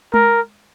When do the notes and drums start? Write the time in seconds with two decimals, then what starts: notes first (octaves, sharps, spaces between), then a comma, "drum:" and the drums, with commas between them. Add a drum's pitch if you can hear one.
0.14 A#4, drum: tom G#3